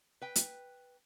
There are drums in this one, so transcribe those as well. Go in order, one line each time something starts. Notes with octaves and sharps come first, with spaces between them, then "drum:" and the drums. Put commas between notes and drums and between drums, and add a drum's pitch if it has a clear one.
B4 G5
drum: hi-hat